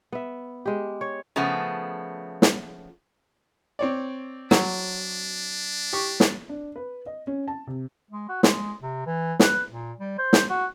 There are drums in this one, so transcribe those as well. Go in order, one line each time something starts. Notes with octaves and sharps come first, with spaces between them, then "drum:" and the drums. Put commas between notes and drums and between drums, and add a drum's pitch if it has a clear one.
B3 E5
G#3 G4
C#5
C#3 F3 A3 B3
drum: snare
C4 C#5 D5
F#3 D4, drum: snare
G4 C#6
drum: snare
D4
B4
D#5
C#4
A5
C3
G#3
F#4
G#3, drum: snare
C3
E3
B4, drum: snare
A#2
G3
C5
drum: snare
F#4